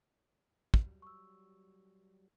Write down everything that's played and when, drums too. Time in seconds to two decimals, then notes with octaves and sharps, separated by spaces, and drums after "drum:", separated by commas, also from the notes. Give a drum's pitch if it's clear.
0.74 A2 F3 B3, drum: kick
0.86 F#3 G3
1.02 C#6 E6